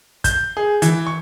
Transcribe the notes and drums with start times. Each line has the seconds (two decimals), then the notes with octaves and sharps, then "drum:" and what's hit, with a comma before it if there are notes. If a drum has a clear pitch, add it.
0.24 G6, drum: kick, hi-hat
0.57 G#4
0.82 E3, drum: hi-hat
1.07 C#6